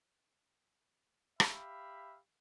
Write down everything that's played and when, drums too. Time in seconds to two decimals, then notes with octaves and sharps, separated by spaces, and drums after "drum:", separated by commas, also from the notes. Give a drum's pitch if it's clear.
1.40 G4 E5 F5 B5, drum: rim click